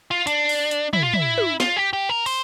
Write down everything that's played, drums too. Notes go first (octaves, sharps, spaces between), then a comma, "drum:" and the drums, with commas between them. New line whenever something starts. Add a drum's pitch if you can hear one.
F4
D4, drum: hi-hat
drum: open hi-hat
drum: hi-hat
E4, drum: tom
F4
E4, drum: tom
drum: tom
F4, drum: snare
G4
G4
A#4
C5, drum: open hi-hat